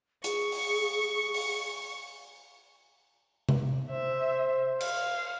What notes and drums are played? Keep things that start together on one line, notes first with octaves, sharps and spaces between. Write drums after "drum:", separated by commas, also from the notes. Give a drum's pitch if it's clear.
G#4 C#6, drum: hi-hat
drum: open hi-hat
drum: open hi-hat
drum: tom C3
C5 E5
F5, drum: cymbal